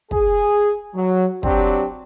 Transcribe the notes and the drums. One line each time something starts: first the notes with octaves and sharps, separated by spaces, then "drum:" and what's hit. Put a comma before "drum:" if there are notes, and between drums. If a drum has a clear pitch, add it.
G#4, drum: kick
F#3
F#3 C4 D4 G4, drum: kick